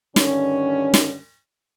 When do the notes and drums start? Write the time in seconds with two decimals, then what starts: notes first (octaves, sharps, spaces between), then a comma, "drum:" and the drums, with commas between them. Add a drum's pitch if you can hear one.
0.16 G2 D3 D#3 C#4, drum: snare
0.94 drum: snare